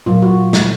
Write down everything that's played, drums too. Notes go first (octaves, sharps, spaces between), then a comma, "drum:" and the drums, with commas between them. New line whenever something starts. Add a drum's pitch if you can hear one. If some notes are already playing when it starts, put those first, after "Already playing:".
A#2 F#3 A#3 F4
F#4
drum: snare